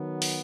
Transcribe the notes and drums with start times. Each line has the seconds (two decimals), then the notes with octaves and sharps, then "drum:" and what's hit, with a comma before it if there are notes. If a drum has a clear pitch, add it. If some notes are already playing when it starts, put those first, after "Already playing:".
Already playing: D#3 F#3 B3
0.22 drum: open hi-hat